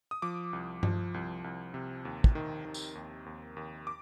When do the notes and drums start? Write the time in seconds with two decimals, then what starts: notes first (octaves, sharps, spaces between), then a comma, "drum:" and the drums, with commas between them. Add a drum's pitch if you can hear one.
0.11 D#6
0.22 F3 D6
0.53 C2
0.83 F3, drum: tom G2
1.14 C2
1.44 C2
1.74 C3
2.05 D#2
2.24 drum: kick
2.35 D#3
2.65 D#3
2.74 drum: tambourine
2.95 D#2
3.26 D#2
3.57 D#2
3.87 D6